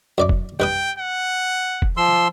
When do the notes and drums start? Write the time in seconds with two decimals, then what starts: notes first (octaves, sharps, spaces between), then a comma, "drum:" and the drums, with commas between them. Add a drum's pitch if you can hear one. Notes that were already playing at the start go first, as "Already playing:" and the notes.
0.18 F#2 D5 D6
0.29 drum: kick
0.60 G2 B4 G5 D#6
0.99 F#5
1.82 drum: kick
1.97 F3 C6 E6